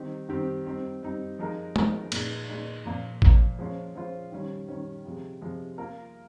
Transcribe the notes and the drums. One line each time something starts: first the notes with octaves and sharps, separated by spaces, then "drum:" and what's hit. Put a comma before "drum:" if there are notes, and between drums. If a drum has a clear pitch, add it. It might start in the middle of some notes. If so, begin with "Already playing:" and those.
Already playing: D#3 G3 C4 D#4 G4
D#3 G3 C4 D#4 G4
G3 C4 D#4
G3 C4 D#4
F3 G#3 D#4 A#4
F3 G#3 D#4 A#4, drum: tom
A#2 G#3 D#4, drum: cymbal
A#2 G#3 D#4
A#2 F3 A#3
A#2 F3 A#3, drum: kick A1
F3 G#3 C#4 F4 C5
F3 G#3 C#4 F4 C5
D#3 G3 C#4
D#3 G3 C#4
C3 F3 G#3
C3 F3 G#3
A#3 F4 A#4